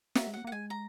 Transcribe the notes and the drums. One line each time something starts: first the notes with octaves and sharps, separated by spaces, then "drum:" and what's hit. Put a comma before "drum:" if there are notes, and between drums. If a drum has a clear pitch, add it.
A#3 E5, drum: snare
G#3
A#3 F#5
A#3
F#5
G#3 G#5
A#5